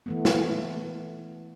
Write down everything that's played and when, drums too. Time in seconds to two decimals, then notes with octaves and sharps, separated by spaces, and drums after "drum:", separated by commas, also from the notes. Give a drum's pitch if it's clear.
0.06 E3 A3 B3
0.25 drum: snare